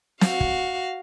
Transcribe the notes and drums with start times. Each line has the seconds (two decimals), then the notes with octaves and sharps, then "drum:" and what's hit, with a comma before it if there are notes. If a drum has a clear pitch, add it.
0.21 F#4 F5, drum: snare
0.41 drum: kick